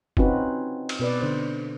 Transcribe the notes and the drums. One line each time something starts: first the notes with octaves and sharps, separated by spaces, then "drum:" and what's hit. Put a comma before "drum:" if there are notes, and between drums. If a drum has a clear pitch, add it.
C4 C#4 D#4 F4 F#4 B4, drum: kick F#1
drum: cymbal
B2 B4 D5
D3 C5